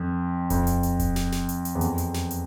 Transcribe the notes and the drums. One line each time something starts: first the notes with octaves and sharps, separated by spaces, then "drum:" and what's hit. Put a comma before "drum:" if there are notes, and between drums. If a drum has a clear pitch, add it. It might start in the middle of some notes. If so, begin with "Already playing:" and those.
Already playing: F2
F2, drum: kick D#1, hi-hat
drum: hi-hat
drum: hi-hat
drum: kick D#1, hi-hat
drum: snare
drum: snare
drum: hi-hat
drum: hi-hat
E2
F2, drum: hi-hat
drum: hi-hat
drum: snare
drum: hi-hat